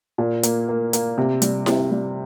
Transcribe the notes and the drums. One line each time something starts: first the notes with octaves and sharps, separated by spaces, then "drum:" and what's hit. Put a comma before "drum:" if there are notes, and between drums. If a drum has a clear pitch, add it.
A#2
A#3, drum: hi-hat
A#3
A#3, drum: hi-hat
C3
G3, drum: hi-hat
C3, drum: snare E4
G3